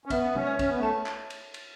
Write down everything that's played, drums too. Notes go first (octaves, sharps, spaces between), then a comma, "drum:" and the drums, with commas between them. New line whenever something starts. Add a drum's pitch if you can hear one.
C#4
B3 E5, drum: kick, cymbal
C#4, drum: tom C3
C#5
C#4, drum: kick, cymbal
B3
A3 A5
drum: clap
drum: cymbal
drum: cymbal